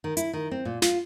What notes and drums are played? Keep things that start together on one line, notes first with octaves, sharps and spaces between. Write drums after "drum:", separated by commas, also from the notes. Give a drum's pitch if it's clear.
D#3
E4, drum: hi-hat
D#3
C4
A#2
F4, drum: snare